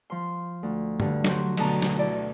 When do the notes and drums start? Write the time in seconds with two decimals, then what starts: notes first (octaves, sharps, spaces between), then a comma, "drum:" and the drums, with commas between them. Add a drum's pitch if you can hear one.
0.10 F3 C6
0.63 D2
1.00 G2 D3, drum: tom
1.24 F#3 C5, drum: snare
1.57 D2 B2 D3 D4 A5 A#5, drum: cymbal
1.82 drum: snare
1.96 E4 D5